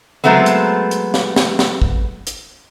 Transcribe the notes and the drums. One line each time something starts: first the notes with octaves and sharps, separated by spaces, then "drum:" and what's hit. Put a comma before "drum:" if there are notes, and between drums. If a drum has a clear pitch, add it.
F#3 G#3 A3 B3 C4
drum: hi-hat
drum: hi-hat
drum: snare
drum: snare
drum: snare
drum: kick
drum: hi-hat